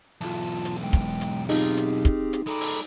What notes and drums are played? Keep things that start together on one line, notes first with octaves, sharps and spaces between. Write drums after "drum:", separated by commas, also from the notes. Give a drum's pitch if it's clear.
B1 E2 F4 A5
drum: hi-hat
G#3 G5
drum: kick, hi-hat
drum: hi-hat
C4 D#4 F4 G4 G#4, drum: open hi-hat
drum: hi-hat
drum: kick, hi-hat
drum: hi-hat
G#3 A4 D5 A#5 B5
drum: open hi-hat